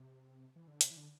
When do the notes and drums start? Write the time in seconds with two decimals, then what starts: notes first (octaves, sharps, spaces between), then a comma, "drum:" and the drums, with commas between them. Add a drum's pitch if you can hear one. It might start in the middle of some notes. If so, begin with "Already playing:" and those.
Already playing: C3
0.56 E3
0.68 D3
0.81 C3, drum: hi-hat
0.91 E3
0.97 D3